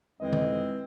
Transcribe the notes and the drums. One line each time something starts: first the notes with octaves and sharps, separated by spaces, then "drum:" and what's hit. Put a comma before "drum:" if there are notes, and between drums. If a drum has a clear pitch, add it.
F2 D#3 E3 G#3 C4 D#5
drum: tom D3